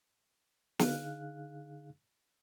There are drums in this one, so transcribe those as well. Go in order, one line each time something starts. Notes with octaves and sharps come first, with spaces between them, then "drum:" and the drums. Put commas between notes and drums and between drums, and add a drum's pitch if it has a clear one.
D3 D#4 G#4 F5 F#6, drum: snare